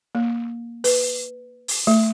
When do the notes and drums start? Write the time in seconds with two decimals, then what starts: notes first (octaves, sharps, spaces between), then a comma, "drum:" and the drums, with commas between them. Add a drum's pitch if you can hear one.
0.15 A#3
0.84 B4, drum: open hi-hat
1.68 drum: open hi-hat
1.87 A3